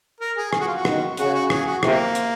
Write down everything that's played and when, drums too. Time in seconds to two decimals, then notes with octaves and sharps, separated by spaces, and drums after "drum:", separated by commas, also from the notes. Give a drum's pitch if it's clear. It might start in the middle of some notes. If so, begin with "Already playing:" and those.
0.21 A#4
0.37 G#4
0.53 G#4, drum: rim click
0.60 F#4
0.67 F4
0.75 F#4
0.85 D#3, drum: rim click
1.17 C#3 F#4, drum: hi-hat
1.34 F#4
1.50 G#4, drum: rim click
1.66 F#4
1.83 C3 A#3, drum: rim click
2.15 drum: hi-hat